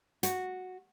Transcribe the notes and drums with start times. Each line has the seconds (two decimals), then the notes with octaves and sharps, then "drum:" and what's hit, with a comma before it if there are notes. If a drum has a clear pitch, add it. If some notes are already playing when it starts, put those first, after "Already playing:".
0.23 F#4, drum: hi-hat